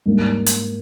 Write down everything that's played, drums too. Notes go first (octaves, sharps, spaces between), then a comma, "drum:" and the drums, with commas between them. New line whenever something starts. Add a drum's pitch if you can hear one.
G#2 G3 A#3
drum: hi-hat